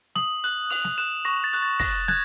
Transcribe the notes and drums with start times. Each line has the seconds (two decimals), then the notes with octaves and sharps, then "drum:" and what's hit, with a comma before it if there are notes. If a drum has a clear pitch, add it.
0.15 D#6 F#7, drum: snare
0.44 F#6 F#7, drum: hi-hat
0.71 D#6 F7, drum: open hi-hat
0.84 drum: snare
0.98 F#6 E7, drum: hi-hat
1.25 C#6 A#6, drum: hi-hat
1.44 A6
1.53 F#6, drum: hi-hat
1.62 A6
1.80 C#6 A#6, drum: kick, open hi-hat
2.08 F#6 G#6, drum: snare